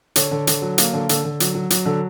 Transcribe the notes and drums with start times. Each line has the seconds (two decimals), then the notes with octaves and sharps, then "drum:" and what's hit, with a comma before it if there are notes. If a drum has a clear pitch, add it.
0.16 D3 C#5, drum: hi-hat
0.31 D3
0.47 D3, drum: hi-hat
0.62 F#3
0.78 A#3, drum: hi-hat
0.93 D3
1.09 D3, drum: hi-hat
1.24 D3
1.40 F#3, drum: hi-hat
1.55 F#3
1.70 F#3, drum: hi-hat
1.85 D3